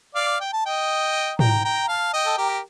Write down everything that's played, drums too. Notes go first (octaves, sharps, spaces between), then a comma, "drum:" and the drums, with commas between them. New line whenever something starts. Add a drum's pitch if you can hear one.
D5 F5
G5
A5
D#5 G5
G5 A#5, drum: tom G#2
G5 A#5
F5 A5
D#5 G5
A4
G4 A#4